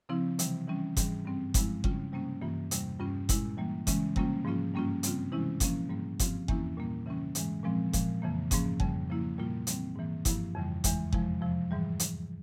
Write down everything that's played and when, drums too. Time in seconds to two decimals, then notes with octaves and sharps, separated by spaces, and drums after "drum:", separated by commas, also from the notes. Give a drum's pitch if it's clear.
0.09 C#3 F3 C4 E4
0.39 C3 E3 G3, drum: hi-hat
0.67 E3 G3 C#4
0.97 G#2 E3 G3, drum: kick F#1, hi-hat
1.25 G2 G3 C4
1.54 G2 F3 G#3 E4, drum: kick F#1, hi-hat
1.84 C#3 G3 C#4 F4, drum: kick F#1
2.13 C3 G3 A#3 C#4
2.41 G2 E3 A#3 F4
2.71 E2 C3 G3, drum: hi-hat
3.00 G2 G3 C#4 F4
3.29 A#2 G#3 E4, drum: kick F#1, hi-hat
3.57 E3 G3 A#3
3.87 C#3 E3 G#3 C#4, drum: kick F#1, hi-hat
4.16 C3 G3 A#3 C#4 F4, drum: kick F#1
4.45 G#2 F3 A#3 C#4 F4
4.74 G2 G3 A#3 C#4 F4
5.03 C#3 G3 C4 F4, drum: hi-hat
5.32 C3 E3 G#3 C#4 E4
5.60 A#2 F3 A#3 C#4, drum: kick F#1, hi-hat
5.89 G#2 G3 A#3
6.19 G2 F3 C4 F4, drum: kick F#1, hi-hat
6.48 E2 E3 A#3 C#4 E4, drum: kick F#1
6.78 A#2 G3 A#3
7.06 C#3 E3 G3 C#4
7.35 G#2 E3 G#3, drum: hi-hat
7.63 A#2 F3 G#3 C4
7.93 A#2 F3 G#3, drum: kick F#1, hi-hat
8.22 F2 C#3 E3 A#3
8.51 G#2 F3 A#3 C#4, drum: kick F#1, hi-hat
8.80 F2 C#3 G3, drum: kick F#1
9.09 C#3 F3 A#3 E4
9.38 A#2 G3 A#3 F4
9.67 E3 G3 C4, drum: hi-hat
9.96 G#2 E3 A#3
10.25 G2 F3 A#3 E4, drum: kick F#1, hi-hat
10.55 F2 C#3 E3 G3
10.84 E2 E3 G#3, drum: kick F#1, hi-hat
11.13 F2 C3 F3 G#3 E4, drum: kick F#1
11.41 F2 C3 F3
11.71 G#2 E3 G3
12.00 drum: hi-hat